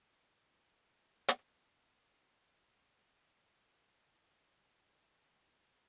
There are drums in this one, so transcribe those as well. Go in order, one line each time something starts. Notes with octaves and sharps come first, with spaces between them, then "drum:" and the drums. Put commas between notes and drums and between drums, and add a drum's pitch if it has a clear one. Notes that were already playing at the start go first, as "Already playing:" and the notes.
A4
F4
C#4
drum: hi-hat
A3
F#3
G2
F#4
F#3